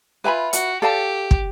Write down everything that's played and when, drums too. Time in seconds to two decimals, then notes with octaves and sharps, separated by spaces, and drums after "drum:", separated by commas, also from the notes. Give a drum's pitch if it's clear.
0.24 F4 B4 E5 G#5 B5
0.53 F#4, drum: hi-hat
0.82 G4 A4 D5 F5 A5
1.31 drum: kick